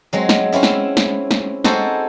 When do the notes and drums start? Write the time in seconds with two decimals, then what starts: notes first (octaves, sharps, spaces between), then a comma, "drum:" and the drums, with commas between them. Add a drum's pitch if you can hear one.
0.13 F#3 G#3 C4
0.29 drum: snare
0.52 C4 C#4 E4 E5
0.63 drum: snare
0.97 drum: snare
1.31 drum: snare
1.64 C4 D#4 F#4 G#4 A4 C5, drum: snare